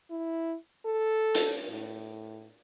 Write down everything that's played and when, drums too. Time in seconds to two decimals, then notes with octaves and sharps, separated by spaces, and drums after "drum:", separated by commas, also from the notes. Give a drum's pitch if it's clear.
0.10 E4
0.85 A4
1.35 drum: hi-hat
1.70 A2